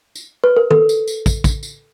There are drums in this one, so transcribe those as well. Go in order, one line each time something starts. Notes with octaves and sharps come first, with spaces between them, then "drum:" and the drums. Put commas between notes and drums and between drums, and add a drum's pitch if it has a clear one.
drum: tambourine
B4
A#4
A4, drum: tom
drum: tambourine
drum: tambourine
drum: kick, tambourine
drum: kick, tambourine
drum: tambourine